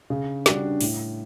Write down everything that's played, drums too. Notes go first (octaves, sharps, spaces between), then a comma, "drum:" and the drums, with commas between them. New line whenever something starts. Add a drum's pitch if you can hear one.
C#3
G3 D4 F#4, drum: snare
A2, drum: open hi-hat